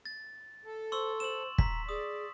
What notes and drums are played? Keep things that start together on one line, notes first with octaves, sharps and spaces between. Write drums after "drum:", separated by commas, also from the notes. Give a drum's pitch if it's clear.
A6
A4
C5 C6 C#6 E6
C5 E7 F#7
A#5 B6, drum: kick
G#4 D5 D#6